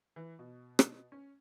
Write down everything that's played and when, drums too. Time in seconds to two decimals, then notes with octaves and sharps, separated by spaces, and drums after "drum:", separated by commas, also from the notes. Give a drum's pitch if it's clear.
0.16 E3
0.39 B2
0.79 drum: rim click
1.12 C#4